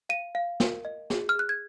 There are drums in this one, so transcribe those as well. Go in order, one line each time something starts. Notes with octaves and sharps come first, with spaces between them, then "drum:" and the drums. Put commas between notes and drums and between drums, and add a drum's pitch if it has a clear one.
F5 D#7
F5
A#4, drum: snare
D#5
G#4, drum: snare
F6
G#4 F#6
G#6